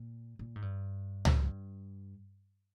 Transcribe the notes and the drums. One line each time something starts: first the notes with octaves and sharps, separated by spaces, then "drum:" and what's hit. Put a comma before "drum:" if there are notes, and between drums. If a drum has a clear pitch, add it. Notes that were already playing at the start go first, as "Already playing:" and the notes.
Already playing: A#2
A#2
G#2
G2
G#2, drum: tom C#2
G2